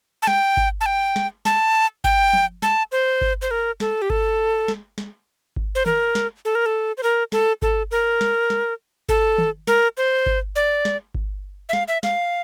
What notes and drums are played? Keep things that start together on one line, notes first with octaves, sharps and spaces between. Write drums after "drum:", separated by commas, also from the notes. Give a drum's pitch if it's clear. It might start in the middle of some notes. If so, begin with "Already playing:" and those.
A5
G5, drum: snare
drum: kick G1
A5
G5
drum: snare
A5, drum: snare
G5, drum: kick G1
drum: tom F3
A5, drum: snare
C5
drum: kick G1
C5
A#4
A4, drum: snare
G4
A4, drum: kick G1
drum: snare
drum: snare
drum: kick G1
C5
A#4, drum: tom D#3
drum: snare
A4
A#4
A4
C5
A#4
A4, drum: snare
A4, drum: kick G1
A#4
drum: snare
drum: snare
A4, drum: kick G1
drum: tom D#3
A#4, drum: snare
C5
drum: kick G1
D5
drum: snare
drum: kick G1
E5
F5, drum: snare
E5
F5, drum: snare